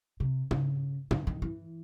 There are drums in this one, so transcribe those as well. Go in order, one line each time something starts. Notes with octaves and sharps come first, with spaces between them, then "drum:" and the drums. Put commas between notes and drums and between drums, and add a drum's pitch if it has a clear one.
C3
C#3, drum: tom
D3, drum: tom
D#3
E3